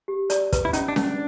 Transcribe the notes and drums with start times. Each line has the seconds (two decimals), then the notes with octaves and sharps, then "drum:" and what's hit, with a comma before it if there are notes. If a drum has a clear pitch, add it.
0.08 G4
0.30 D5, drum: hi-hat
0.52 B4, drum: kick, hi-hat
0.65 E4
0.73 C#4 D#4, drum: hi-hat
0.88 D4
0.96 C#4, drum: snare C#4
1.03 D4